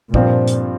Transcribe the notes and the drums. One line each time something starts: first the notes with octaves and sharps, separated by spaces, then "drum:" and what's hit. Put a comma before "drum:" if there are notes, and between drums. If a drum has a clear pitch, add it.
G2 A#2 F3 C4 F4, drum: kick
drum: hi-hat